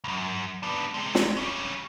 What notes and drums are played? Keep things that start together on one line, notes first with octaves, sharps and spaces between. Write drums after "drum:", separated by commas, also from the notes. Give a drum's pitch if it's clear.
C#2 F#2
B3 D4
C3 G#3
drum: snare
G3 C#4